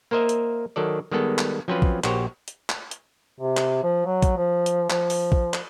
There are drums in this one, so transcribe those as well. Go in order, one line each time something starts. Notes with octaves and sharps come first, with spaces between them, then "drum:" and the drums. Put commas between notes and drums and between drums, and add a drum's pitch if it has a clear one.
A#3 A#4 C5 D#5 E5
drum: hi-hat
D#3 F#3 A4 D5
D#3 G3 G#3 B3 A4
drum: clap
F3 F#3 C4 C#4 F4 B4
drum: kick
A#1 F#4 G4 C5 C#5, drum: clap
drum: hi-hat
drum: clap
drum: hi-hat
C3
drum: clap
F3
F#3
drum: kick, hi-hat
F3
drum: hi-hat
F3, drum: clap
drum: open hi-hat
drum: kick
drum: clap